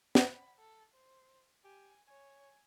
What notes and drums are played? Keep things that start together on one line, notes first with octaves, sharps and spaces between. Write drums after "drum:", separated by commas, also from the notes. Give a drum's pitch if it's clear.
B5, drum: snare
A4
C5
G4 G#5
C#5 G#5